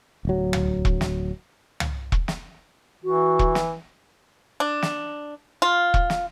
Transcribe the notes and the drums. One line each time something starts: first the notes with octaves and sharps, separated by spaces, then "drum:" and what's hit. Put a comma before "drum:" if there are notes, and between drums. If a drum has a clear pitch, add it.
D1 F#3
drum: tom
drum: kick E1
drum: snare
drum: tom
drum: kick E1
drum: snare
E3 F#4
drum: kick E1
drum: snare
D4
drum: snare
F4
drum: kick E1
drum: snare